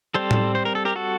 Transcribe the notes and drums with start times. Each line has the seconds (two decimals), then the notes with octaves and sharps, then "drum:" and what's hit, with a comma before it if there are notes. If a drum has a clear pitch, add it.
0.14 G3 C4 A4 C5
0.31 drum: tom A2
0.55 C5
0.65 A#4
0.75 A4
0.85 G4 A#4
0.96 F#4 A4